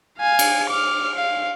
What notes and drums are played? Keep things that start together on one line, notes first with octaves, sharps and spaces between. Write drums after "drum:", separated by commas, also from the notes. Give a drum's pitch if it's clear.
F5 G#5
drum: cymbal
D6 F6
F5